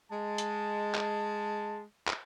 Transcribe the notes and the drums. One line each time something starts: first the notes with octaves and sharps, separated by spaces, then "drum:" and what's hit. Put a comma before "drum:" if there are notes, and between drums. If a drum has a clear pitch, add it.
G#3 A5
drum: hi-hat
drum: clap
drum: clap